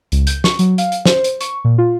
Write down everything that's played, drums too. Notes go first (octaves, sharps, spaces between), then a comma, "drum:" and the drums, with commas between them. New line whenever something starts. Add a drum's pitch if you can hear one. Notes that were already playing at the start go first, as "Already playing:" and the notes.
C#2, drum: hi-hat
G6, drum: hi-hat
C#6, drum: snare
F#3, drum: hi-hat
F5, drum: hi-hat
drum: hi-hat
C5, drum: snare
drum: hi-hat
C#6, drum: hi-hat
A#2
F4